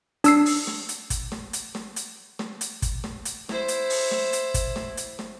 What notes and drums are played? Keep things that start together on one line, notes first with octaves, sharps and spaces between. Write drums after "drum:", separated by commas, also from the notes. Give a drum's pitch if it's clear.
D4 E6 C7, drum: hi-hat
drum: open hi-hat
drum: snare
drum: hi-hat
drum: kick, hi-hat
drum: snare
drum: hi-hat
drum: snare
drum: hi-hat
drum: snare
drum: hi-hat
drum: kick, hi-hat
drum: snare
drum: hi-hat
E4 C5, drum: snare
drum: hi-hat
drum: open hi-hat
drum: snare
drum: hi-hat
drum: kick, hi-hat
drum: snare
drum: hi-hat
drum: snare